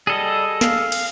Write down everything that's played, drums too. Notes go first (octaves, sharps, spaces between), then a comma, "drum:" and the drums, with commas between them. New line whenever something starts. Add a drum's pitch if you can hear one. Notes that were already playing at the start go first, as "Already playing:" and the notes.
G3 G#4 A4 D#5
F5, drum: snare
drum: cymbal